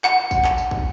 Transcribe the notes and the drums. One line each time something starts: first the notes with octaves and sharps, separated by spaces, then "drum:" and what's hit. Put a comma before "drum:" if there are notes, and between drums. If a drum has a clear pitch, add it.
F#5, drum: clap
drum: kick, tambourine
drum: clap
drum: tambourine
drum: kick